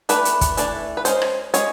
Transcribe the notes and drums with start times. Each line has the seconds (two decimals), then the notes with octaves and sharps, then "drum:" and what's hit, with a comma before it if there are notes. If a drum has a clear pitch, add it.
0.09 E3 A3 D4 B4, drum: hi-hat
0.25 drum: hi-hat
0.41 drum: kick, hi-hat
0.57 E3 A3 D4, drum: hi-hat
0.97 B4
1.05 G#3 C#4 C5, drum: hi-hat
1.22 drum: rim click
1.54 G#3 C#4 C#5, drum: hi-hat